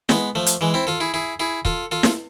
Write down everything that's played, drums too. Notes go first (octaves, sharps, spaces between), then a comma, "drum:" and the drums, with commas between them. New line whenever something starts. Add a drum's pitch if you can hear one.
G#3 B3, drum: snare
F3 A3
drum: hi-hat
E3 G#3
C4 E4
F4 A4
E4 G#4
E4 G#4
E4 G#4
F4 A4, drum: kick
F4 A4
drum: snare